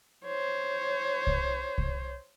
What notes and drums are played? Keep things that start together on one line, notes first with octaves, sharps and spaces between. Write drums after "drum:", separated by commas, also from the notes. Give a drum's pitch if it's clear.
C5 C#5
drum: kick C2
drum: kick C2